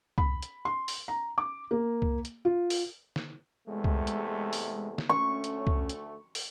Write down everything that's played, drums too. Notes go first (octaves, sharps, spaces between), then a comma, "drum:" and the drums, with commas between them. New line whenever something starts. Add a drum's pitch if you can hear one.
B5, drum: kick C2
drum: hi-hat
C6
drum: open hi-hat
A#5
D6
A#3
drum: kick C2
drum: hi-hat
F4
drum: open hi-hat
drum: snare
E2 C3 G#3 A3
drum: kick C2
drum: hi-hat
drum: open hi-hat
drum: snare
D2 A3 C#4 C#6
drum: hi-hat
drum: kick C2
drum: hi-hat
drum: open hi-hat